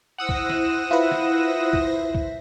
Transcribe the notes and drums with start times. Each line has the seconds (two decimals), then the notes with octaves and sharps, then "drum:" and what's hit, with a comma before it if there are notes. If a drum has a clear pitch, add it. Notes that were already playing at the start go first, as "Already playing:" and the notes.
0.18 E4 C5 F#5 D#6 E6 A#6
0.29 drum: kick
0.50 drum: snare
0.91 F4 B4 E5
1.11 drum: snare
1.73 drum: kick
2.15 drum: kick